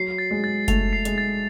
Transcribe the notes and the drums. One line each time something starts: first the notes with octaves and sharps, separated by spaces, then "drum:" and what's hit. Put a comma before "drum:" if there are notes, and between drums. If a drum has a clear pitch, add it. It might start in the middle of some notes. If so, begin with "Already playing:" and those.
Already playing: F#3 C7
A6
G#3
A6
A3 F7, drum: kick F#1, hi-hat
C7
G#3, drum: hi-hat
A6